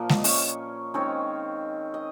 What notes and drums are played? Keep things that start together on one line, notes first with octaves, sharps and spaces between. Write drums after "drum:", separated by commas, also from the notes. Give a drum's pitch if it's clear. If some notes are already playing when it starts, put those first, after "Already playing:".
Already playing: A#2 F3 A#3
D#5, drum: snare G#3
D5
C#4 C#5, drum: open hi-hat
D#3 G#3 C4 C#4 C#5
D#5